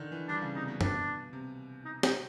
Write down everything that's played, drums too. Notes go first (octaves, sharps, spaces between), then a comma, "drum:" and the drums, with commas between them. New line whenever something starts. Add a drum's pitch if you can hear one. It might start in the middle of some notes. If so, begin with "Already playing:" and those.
Already playing: D3 D#3
E3
G3 D4
C#3
C3 D#4
B2
B2 D4, drum: tom
C3
D#4
D#4, drum: snare